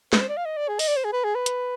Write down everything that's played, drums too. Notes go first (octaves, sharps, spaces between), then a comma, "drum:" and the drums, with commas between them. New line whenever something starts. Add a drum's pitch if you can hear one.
B4, drum: snare
C5
D5
F5
D#5
D5
G#4
D#5, drum: open hi-hat
D5
C5
G#4
B4
G#4
B4
drum: hi-hat